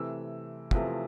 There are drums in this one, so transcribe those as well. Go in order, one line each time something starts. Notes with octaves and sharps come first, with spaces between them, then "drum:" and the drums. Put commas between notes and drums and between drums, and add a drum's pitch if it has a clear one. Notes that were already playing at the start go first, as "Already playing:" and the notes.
Already playing: C3 E3 A3 E6
E2 C3 F3 A3, drum: kick